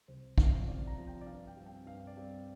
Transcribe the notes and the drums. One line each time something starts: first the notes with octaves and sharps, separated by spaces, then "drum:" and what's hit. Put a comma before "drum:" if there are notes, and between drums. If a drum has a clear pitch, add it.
C2 C5
C3 F3 C5, drum: kick
F5
C2 D5
A#5
C3 F3
G5
D5
G2 F5
G5
G3 C4
G5
G2 F5
D5
G3 C4